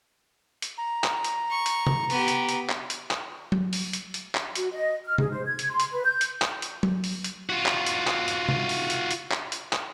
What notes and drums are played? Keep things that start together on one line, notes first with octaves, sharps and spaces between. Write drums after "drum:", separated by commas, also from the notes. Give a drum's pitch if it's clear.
drum: hi-hat
A#5
drum: clap
drum: hi-hat
C#6
drum: hi-hat
drum: tom
B3 G4, drum: open hi-hat
drum: hi-hat
drum: hi-hat
drum: clap
drum: hi-hat
drum: clap
drum: tom F#3
drum: open hi-hat
drum: hi-hat
drum: hi-hat
drum: clap
F#4, drum: hi-hat
D#5
F6
G#4, drum: tom C3
C5
G#6
drum: hi-hat
C6
drum: hi-hat
B4
G6
drum: hi-hat
drum: clap
drum: hi-hat
drum: tom F#3
drum: open hi-hat
drum: hi-hat
F4 F#4
drum: clap
drum: hi-hat
drum: clap
drum: hi-hat
drum: tom C3
drum: open hi-hat
drum: hi-hat
drum: hi-hat
drum: clap
drum: hi-hat
drum: clap